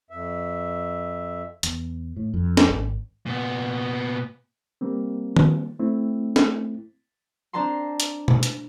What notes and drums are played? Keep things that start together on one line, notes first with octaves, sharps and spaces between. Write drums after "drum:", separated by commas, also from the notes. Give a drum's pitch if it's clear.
F2 E5
E2, drum: hi-hat
A2
F2
drum: snare
G#1
A#2 B3
G3 A#3 C4
drum: tom D#3
A3 C4 E4
drum: snare
C4 D4 C5 A5 A#5 C6
drum: hi-hat
drum: tom B2
drum: hi-hat